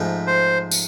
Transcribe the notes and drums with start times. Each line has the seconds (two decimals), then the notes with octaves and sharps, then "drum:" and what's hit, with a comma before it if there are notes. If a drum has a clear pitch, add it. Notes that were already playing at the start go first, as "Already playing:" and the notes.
Already playing: G#2 F3 A3
0.27 C5
0.71 drum: tambourine